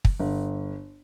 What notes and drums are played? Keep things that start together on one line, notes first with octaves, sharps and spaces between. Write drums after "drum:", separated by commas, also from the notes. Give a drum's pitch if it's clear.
drum: kick
G1